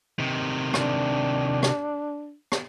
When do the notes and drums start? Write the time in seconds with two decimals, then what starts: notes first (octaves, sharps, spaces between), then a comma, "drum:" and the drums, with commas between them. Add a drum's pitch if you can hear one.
0.19 C3 D#3
0.74 D4, drum: rim click
1.63 drum: rim click
2.52 drum: rim click